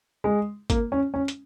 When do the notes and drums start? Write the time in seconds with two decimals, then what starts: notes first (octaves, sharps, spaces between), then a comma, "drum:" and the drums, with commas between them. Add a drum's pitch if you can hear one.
0.24 G#3
0.70 A#3, drum: kick, hi-hat
0.92 C#4
1.14 C#4
1.28 drum: hi-hat